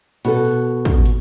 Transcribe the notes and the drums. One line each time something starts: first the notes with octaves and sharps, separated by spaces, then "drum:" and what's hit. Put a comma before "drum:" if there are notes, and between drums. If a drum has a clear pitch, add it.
B2 F#4 A4, drum: hi-hat
drum: open hi-hat
drum: kick, hi-hat
drum: hi-hat